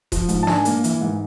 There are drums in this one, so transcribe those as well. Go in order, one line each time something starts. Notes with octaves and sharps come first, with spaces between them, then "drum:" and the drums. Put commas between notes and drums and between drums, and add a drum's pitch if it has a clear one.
F3, drum: kick D#1, hi-hat
G#2, drum: hi-hat
A5
D4 G#5, drum: snare
A#3, drum: hi-hat
E3, drum: hi-hat
G#2